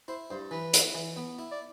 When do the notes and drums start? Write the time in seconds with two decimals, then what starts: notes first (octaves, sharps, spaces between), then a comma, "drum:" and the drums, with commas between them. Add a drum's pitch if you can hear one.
0.08 E4 C5
0.31 G2 C5
0.51 E3 B4
0.73 E4, drum: hi-hat
0.95 E3
1.16 B3
1.39 E4
1.51 D5